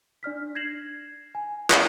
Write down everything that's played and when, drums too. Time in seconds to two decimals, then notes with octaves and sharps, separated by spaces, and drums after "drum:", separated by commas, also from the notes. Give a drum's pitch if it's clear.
0.23 D4 D5 F6 B6
0.55 G6 G#6 A#6 C7 E7 F#7
1.35 G#5
1.70 drum: clap